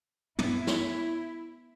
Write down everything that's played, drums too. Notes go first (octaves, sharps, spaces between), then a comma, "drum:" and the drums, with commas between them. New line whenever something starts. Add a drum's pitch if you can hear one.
B3 E4, drum: tom
drum: snare